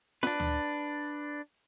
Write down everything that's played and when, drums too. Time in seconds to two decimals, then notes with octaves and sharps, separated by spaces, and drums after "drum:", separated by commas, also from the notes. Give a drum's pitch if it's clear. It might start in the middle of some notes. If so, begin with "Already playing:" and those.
0.23 D4 B4, drum: snare F4
0.40 drum: tom D2